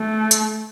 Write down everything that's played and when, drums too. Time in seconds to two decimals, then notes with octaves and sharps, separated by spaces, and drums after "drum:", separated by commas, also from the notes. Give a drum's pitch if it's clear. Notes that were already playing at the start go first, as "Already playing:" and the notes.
Already playing: A3
0.31 drum: hi-hat